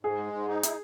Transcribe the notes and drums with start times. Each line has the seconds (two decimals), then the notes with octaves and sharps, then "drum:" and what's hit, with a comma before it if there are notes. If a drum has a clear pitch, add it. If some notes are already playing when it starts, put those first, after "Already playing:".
0.03 G#2 G#4
0.18 G#3
0.33 G#2
0.48 D#4
0.63 E4, drum: hi-hat